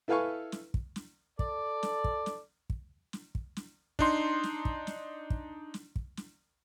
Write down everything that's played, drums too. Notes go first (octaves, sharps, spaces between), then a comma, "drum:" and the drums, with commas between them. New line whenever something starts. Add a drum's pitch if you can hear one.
E4 A4 B4 F5 G#5 C#6
drum: snare
drum: kick
drum: snare
A4 D5, drum: kick
drum: snare
drum: kick
drum: snare
drum: kick
drum: snare
drum: kick
drum: snare
D4 D#4 C6, drum: kick
drum: snare
drum: kick
drum: snare
drum: kick
drum: snare
drum: kick
drum: snare